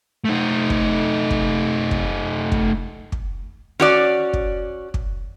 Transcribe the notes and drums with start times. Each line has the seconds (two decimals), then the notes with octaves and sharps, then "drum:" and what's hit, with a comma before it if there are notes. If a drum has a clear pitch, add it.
0.24 A3 D#4
0.70 drum: kick
1.30 drum: kick
1.91 drum: kick
2.52 drum: kick
3.12 drum: kick
3.80 C#4 F#4 D5
4.33 drum: kick
4.94 drum: kick